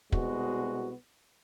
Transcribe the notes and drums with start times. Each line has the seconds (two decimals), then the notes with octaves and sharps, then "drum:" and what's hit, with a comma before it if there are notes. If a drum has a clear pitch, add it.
0.12 C2 B2 G#3 B3 F#4, drum: kick